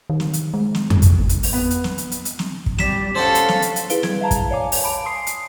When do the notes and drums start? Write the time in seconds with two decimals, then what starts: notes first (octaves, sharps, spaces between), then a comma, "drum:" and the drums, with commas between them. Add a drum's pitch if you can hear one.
0.10 D#3
0.20 drum: snare
0.33 drum: hi-hat
0.54 G#3
0.75 drum: snare
0.90 G2, drum: tom F2
1.02 drum: kick, hi-hat
1.19 G#1
1.29 drum: hi-hat
1.43 drum: open hi-hat
1.53 B3
1.70 drum: hi-hat
1.84 drum: snare
1.98 drum: hi-hat
2.12 drum: hi-hat
2.25 drum: hi-hat
2.39 drum: snare
2.66 drum: kick
2.79 G3 D5 B6 E7, drum: snare
3.15 C#4 A4 C5 D5 F5 F#5
3.35 drum: hi-hat
3.49 drum: snare
3.62 drum: hi-hat
3.76 drum: hi-hat
3.90 E4 G#4 B4 F5 D7 G7, drum: hi-hat
4.03 G3 G#6, drum: snare
4.21 E5 F5 A5 A#5
4.31 drum: kick, hi-hat
4.51 C#5 D5 F5 G#5 D6
4.72 drum: open hi-hat
4.83 A5 B5 D7
5.05 G#5 C6 D#6 C7
5.27 drum: hi-hat